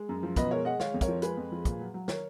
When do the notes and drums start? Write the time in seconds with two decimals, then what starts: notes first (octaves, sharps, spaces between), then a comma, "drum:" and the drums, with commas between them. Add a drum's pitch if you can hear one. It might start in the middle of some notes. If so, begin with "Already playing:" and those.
Already playing: G#3
0.09 F#2
0.23 F3
0.36 B2 B4 D#5, drum: kick, hi-hat
0.51 G#3 A#4 C#5
0.65 G#3 D#5 F#5
0.80 G#3 C#5 F5, drum: snare
0.94 F2
1.01 A#4 C#5, drum: kick, hi-hat
1.08 F3
1.22 G#3 G#4 B4, drum: hi-hat
1.37 F2
1.52 F3
1.65 A#2, drum: kick, hi-hat
1.80 F#3
1.94 F#3
2.08 A#4 C#5, drum: snare